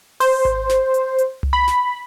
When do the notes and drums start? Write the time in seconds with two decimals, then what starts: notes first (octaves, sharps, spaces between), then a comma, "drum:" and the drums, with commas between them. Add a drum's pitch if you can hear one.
0.20 C5, drum: open hi-hat
0.45 drum: kick G#1
0.69 drum: snare
0.94 drum: hi-hat
1.18 drum: hi-hat
1.43 drum: tom C2
1.53 B5
1.68 drum: snare